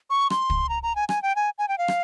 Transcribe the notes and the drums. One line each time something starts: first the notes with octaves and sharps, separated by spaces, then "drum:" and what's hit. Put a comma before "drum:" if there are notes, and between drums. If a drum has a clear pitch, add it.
C#6
C6, drum: rim click
drum: kick
A#5
A#5
G#5
G#5, drum: rim click
G5
G#5
G#5
G5
F5
drum: rim click